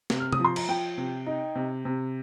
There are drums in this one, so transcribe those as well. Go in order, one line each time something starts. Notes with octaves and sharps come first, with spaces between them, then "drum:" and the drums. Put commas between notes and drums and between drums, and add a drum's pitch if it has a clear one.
C3, drum: snare
F6
D#6, drum: tom
F3
C6
A#5, drum: cymbal
F3 G5
C3
D#4
C3
C3